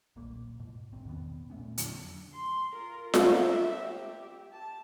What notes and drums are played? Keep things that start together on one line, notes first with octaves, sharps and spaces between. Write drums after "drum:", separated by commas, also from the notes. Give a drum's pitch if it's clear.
D#1 B1 A#2 A#3
G#2 B2
A1 C4
E2 B2 D#3 B3
A#2 A3 B3 C#4
F2 D3 F#3 D4, drum: hi-hat
C6
F4 A#4
A#4 B4, drum: snare F4
E5
G4
A5